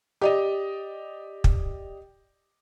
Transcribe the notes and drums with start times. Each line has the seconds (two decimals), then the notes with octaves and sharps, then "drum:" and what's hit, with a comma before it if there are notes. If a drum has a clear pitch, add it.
0.21 G4 D5 D#5
1.44 drum: kick